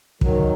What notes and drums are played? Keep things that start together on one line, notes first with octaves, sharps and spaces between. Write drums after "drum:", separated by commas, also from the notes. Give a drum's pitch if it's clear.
D#3 F#3, drum: kick